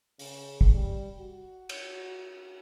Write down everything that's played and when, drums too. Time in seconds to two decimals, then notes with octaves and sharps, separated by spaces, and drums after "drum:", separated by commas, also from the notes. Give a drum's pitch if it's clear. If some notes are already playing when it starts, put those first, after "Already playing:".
0.19 C#3, drum: open hi-hat
0.61 drum: kick
0.74 G3
1.19 F#4
1.69 drum: cymbal